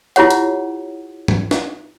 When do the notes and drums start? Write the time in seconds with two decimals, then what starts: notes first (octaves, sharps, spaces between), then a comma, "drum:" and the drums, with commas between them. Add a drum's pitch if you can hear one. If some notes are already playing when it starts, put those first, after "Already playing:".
0.16 E4 F4 G4 C#5 F#5, drum: hi-hat
0.30 drum: hi-hat
1.28 drum: tom G#2
1.51 drum: snare